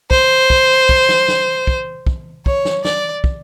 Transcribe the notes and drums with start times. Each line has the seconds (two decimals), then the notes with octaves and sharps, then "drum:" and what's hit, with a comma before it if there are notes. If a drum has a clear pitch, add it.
0.11 C5, drum: kick
0.50 drum: kick
0.89 drum: kick
1.09 drum: snare
1.28 drum: snare
1.67 drum: kick
2.07 drum: kick
2.46 C#5, drum: kick
2.65 drum: snare
2.85 D5, drum: snare
3.24 drum: kick